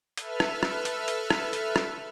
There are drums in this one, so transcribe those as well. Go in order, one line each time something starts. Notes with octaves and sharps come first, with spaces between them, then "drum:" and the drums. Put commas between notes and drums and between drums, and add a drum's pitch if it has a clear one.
A4 B4 E5 F6, drum: hi-hat
drum: rim click
drum: rim click
drum: hi-hat
drum: hi-hat
drum: rim click
drum: hi-hat
drum: rim click